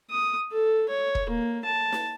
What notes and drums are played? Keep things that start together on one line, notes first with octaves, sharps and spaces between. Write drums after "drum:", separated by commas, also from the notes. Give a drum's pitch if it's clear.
D#6
A4
C#5
drum: kick
A#3
A5
drum: snare